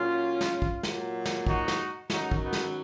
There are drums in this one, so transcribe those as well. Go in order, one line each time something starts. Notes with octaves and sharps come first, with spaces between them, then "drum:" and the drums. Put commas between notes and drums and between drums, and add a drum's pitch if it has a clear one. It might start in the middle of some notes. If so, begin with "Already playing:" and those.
Already playing: A#2 F#3 C#4 F4
drum: snare
drum: kick
A#2 F#3, drum: snare
drum: snare
D#4 F#4, drum: kick
drum: snare
F#2 D#3 F#3 D#4 F#4, drum: snare
drum: kick
B3 D#4
drum: snare